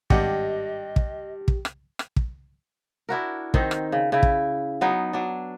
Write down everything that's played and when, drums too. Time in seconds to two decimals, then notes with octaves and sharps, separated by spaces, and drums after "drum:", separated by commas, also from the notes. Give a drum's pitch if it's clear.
0.10 G#1 G2 G4 D#5 F#5, drum: kick
0.96 drum: kick
1.48 drum: kick
1.65 drum: rim click
1.99 drum: rim click
2.16 drum: kick
3.09 D4 E4 F#4 A#4
3.54 D#3 C4 D#4, drum: kick
3.71 drum: rim click
3.92 C#3
4.12 C#3 E4
4.23 drum: kick
4.81 F#3 B3 D#4
5.13 F#3 D4